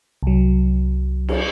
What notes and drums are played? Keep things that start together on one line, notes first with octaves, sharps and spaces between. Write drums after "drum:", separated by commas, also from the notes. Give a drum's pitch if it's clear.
C2 F#3
drum: cymbal